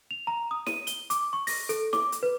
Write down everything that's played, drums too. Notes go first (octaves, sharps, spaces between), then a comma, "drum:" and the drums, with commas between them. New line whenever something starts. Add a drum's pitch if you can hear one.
F7
A#5
D#6
D#7, drum: snare
G7, drum: hi-hat
D6, drum: hi-hat
C#6
A#6, drum: open hi-hat
A4, drum: hi-hat
D6, drum: snare
drum: hi-hat
B4